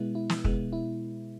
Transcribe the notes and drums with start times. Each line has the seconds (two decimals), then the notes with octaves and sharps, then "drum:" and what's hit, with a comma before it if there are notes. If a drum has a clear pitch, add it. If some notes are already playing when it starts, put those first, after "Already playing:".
Already playing: B2 G#3 B3 E4
0.15 E4
0.30 drum: snare
0.44 B2 G#3 B3, drum: kick
0.73 E4